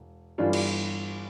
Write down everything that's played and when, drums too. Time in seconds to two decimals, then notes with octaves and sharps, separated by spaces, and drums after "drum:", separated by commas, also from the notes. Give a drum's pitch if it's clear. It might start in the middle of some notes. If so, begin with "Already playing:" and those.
Already playing: E1
0.38 G1 G2 E3 G3 D4 F4
0.53 drum: cymbal